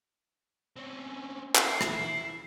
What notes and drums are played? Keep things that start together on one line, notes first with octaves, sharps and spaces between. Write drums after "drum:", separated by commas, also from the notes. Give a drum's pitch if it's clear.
C4 C#4
E4 C7, drum: clap
drum: rim click